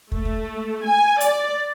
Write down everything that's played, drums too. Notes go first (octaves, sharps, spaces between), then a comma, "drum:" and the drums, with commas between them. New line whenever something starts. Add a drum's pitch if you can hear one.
A3, drum: kick
drum: kick
G#5
D5, drum: hi-hat